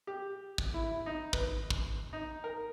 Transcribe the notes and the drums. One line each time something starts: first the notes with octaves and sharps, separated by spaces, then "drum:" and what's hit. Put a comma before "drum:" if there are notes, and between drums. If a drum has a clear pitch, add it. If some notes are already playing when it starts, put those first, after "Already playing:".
G4
drum: kick
E4
D#4
B4, drum: kick
drum: kick
D#4
A#4